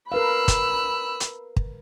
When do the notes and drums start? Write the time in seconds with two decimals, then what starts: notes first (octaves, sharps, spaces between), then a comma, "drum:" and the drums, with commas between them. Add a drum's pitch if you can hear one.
0.12 A#4 B4 F5 B5 E6 F#6
0.48 drum: kick, hi-hat
1.20 drum: hi-hat
1.56 drum: kick